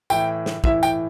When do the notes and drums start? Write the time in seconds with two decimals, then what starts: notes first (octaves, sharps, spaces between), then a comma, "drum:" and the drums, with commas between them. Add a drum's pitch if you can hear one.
0.10 A2 E3 G5, drum: tambourine
0.46 drum: snare
0.64 A2 E3 E5, drum: kick
0.83 G5, drum: tambourine